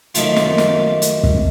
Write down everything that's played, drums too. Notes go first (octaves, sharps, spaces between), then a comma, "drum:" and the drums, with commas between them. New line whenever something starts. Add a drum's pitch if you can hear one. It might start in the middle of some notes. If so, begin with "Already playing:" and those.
F#2 D#3 F3 A3 A#3 F4, drum: hi-hat
drum: snare
drum: snare
drum: hi-hat
drum: kick